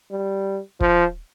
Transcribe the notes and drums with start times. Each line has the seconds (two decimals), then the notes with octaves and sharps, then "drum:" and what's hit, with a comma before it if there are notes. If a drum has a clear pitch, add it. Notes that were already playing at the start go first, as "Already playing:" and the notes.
0.12 G3
0.80 F3, drum: kick